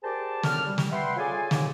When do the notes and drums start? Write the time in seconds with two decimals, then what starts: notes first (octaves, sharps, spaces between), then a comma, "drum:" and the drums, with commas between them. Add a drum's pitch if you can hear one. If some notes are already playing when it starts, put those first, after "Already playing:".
0.03 G4 G#4 A#4 C5 D5 A5
0.43 F#2 D3 B3 F6, drum: snare
0.66 G3
0.78 drum: snare
0.92 B4 E5 F#5 G5 B5 C6
1.17 C#4 F4 G#4 A4 D5 G#5
1.51 D#2 A#2 D3, drum: snare